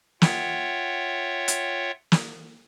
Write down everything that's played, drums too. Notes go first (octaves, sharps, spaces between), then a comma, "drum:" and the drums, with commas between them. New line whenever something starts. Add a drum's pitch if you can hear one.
F4 C#5 E5 F#5 G5, drum: snare
drum: hi-hat
drum: snare